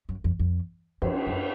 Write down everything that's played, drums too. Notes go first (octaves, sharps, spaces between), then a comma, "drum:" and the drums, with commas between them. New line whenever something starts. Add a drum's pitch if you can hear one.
F#2
F2
F2
F2, drum: cymbal
F#2